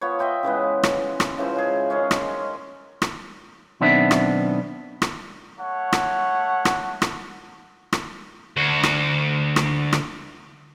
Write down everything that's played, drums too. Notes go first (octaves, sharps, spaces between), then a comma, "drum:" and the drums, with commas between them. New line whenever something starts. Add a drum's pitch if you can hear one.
F3 B3 C#5
D#5 E5 G5 C6
C#3 E3 G#3 B3
drum: rim click
drum: rim click
C#3 E3 F3 C5
G#3 G#4
D#3 G#3 C#4
drum: rim click
drum: rim click
B1 D#3 B3 C4 D4 E5
drum: rim click
drum: rim click
A3 C#5 F#5
drum: rim click
drum: rim click
drum: rim click
drum: rim click
D2 F#4
drum: rim click
drum: rim click
drum: rim click